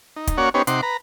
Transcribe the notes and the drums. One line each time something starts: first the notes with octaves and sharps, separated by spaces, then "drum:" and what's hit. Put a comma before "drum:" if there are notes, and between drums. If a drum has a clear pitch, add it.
D#4
drum: kick, hi-hat
A#3 C#4 F#4 C#5 D5 F#5
B3 C#4 D#4 G4 C5 C#5
C3 D#4 F#5 C6 D6, drum: hi-hat
B4 A#5